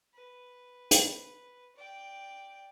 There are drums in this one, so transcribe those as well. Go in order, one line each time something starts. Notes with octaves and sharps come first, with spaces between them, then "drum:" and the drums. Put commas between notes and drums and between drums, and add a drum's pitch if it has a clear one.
B4
drum: hi-hat
D5 G5